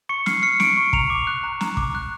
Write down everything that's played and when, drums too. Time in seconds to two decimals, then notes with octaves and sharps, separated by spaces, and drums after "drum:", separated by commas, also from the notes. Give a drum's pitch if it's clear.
0.09 C#6 C#7
0.26 F6 C7, drum: snare
0.42 F6 C#7
0.60 C#6 D7, drum: snare
0.77 C#6
0.93 A#5 F7, drum: kick
1.10 D6
1.27 F#6
1.43 A#5
1.61 A#5, drum: snare
1.77 D6, drum: kick
1.95 F#6